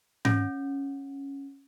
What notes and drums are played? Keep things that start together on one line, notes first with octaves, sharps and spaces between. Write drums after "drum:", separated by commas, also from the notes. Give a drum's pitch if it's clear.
C#4, drum: tom G#2